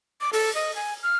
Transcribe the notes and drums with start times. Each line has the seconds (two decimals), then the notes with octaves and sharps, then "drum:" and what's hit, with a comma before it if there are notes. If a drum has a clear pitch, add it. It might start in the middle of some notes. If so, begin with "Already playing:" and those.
0.21 D6
0.33 A4, drum: open hi-hat
0.55 D#5
0.76 G#5
1.03 F6